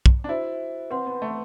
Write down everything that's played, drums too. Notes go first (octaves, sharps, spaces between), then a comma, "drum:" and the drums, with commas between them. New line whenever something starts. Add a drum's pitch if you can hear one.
drum: kick
D4
E4 F#4 C5 E5
C4 B4 F#5 C6
B3
A3